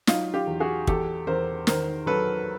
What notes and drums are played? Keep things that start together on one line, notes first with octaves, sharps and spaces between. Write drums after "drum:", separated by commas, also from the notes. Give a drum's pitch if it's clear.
F#3 D#4 F4, drum: snare
F4 G4
E2
F#4 G#4
E2 G4 A4, drum: kick
E2 A#4 C5
D#3 A#4 C5, drum: snare
F#3 A4 B4